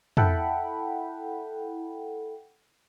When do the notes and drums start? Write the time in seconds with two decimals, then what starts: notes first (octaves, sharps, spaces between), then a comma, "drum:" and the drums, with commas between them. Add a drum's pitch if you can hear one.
0.17 E4 A4 F#5 G5 B5, drum: tom